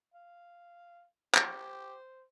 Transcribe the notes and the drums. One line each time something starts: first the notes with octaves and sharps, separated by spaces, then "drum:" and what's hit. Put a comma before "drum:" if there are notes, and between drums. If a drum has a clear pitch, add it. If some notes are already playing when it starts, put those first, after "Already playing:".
F5
G4 C5, drum: clap